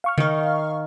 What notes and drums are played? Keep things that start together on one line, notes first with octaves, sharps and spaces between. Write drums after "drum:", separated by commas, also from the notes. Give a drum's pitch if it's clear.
F5 C#6 F6
D#3 D#4, drum: tom